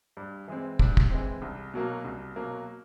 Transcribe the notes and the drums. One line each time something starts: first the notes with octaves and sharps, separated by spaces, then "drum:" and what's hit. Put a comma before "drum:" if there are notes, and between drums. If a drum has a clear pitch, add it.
G2
E3 G#3 C4
G2, drum: kick
drum: kick
E3 G#3 C4
C2
B2 F#3 A#3
C2
B2 F#3 A#3